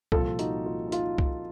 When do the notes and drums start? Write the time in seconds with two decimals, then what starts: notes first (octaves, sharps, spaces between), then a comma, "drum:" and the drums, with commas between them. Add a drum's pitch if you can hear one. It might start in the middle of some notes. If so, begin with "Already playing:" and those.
0.12 C2 A#2 F3 C4 F4 A4, drum: kick C2
0.39 D#4 F#4, drum: hi-hat
0.66 F4
0.88 D#4
0.92 F4, drum: hi-hat
1.18 F4, drum: kick C2